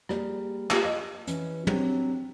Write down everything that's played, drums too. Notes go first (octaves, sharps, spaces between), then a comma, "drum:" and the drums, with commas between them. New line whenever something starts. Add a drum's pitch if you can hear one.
G3 A#3 G4 G#4 D5, drum: rim click
A#3 F4 G4, drum: clap
D#5
E3 C#4, drum: hi-hat
F#3 G3 C4 D4, drum: tom